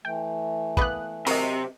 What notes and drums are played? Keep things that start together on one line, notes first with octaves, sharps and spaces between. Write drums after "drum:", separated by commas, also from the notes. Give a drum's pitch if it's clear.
E3 A3 G5
A#3 B3 B4 D#6 F#6, drum: kick
C3 F#3 A#4 D#5, drum: open hi-hat